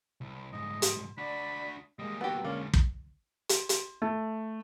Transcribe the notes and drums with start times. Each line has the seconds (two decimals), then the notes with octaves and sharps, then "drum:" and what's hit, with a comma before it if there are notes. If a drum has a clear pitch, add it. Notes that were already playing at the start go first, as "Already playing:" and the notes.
0.21 C2
0.53 C2 G#2 D#5
0.82 drum: hi-hat
1.18 D4 F#4 D5 B5
1.99 G3 G#3 A#3 D#5
2.21 B3 F#4 G4 A4
2.44 D3 G#3 A#3 C#4 D5
2.74 drum: kick
3.49 drum: hi-hat
3.69 drum: hi-hat
4.02 A3